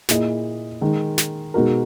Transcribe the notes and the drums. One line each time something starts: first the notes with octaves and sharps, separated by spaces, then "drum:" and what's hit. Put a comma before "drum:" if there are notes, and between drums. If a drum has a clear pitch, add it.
A#2 A#3 E4 G#4 D#5, drum: snare
D#3 G#3 D#4
drum: snare
B2 G#3 D#4 F#4 A#4